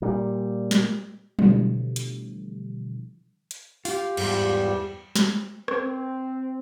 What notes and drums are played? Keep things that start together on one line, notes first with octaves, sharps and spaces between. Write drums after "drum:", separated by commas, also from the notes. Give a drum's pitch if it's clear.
A#2 G3
drum: snare
B2 D3 E3 F3 G3 A3, drum: tom F#3
drum: hi-hat
drum: hi-hat
F4 G4, drum: open hi-hat
E2 G#2 G3, drum: cymbal
drum: snare
C4, drum: rim click